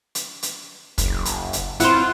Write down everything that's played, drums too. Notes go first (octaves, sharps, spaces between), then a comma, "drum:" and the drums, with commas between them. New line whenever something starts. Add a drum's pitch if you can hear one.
drum: hi-hat
drum: hi-hat
F#1, drum: kick, hi-hat
drum: hi-hat
drum: hi-hat
C4 E4 F4 C5 F#5, drum: hi-hat